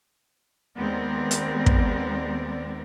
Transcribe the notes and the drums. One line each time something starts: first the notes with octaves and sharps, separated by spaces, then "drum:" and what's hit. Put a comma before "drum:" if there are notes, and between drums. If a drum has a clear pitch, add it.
D#2 G#3 B3 C4 A#4 D5
drum: hi-hat
drum: kick